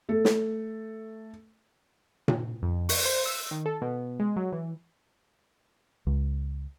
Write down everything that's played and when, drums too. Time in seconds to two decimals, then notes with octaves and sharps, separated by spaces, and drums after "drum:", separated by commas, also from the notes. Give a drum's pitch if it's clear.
0.09 A3 A4
0.25 drum: snare
2.28 drum: tom A#2
2.62 F2
2.89 C#6, drum: open hi-hat
3.05 C5
3.26 E6
3.51 D#3
3.66 A4
3.82 B2
4.20 G#3
4.36 F#3
4.52 E3
6.07 C#2